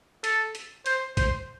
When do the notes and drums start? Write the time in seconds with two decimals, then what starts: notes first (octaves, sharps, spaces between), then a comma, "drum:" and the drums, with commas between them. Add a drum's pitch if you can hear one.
0.24 A4, drum: hi-hat
0.55 drum: hi-hat
0.86 C5, drum: hi-hat
1.17 C5, drum: kick, hi-hat